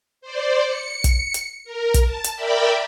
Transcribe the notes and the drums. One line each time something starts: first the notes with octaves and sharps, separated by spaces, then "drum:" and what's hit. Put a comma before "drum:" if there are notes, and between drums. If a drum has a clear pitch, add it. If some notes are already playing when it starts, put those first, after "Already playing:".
C5 D5
C#7
drum: kick, hi-hat
drum: hi-hat
A#4
drum: kick, hi-hat
A5
drum: hi-hat
A#4 D5 E5 G5 B5